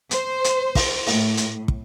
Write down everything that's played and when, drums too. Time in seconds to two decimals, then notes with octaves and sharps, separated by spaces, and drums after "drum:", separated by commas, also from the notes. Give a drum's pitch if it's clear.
0.11 C5, drum: hi-hat
0.44 drum: hi-hat
0.75 drum: kick, open hi-hat
1.06 A2, drum: open hi-hat
1.37 drum: hi-hat
1.68 drum: kick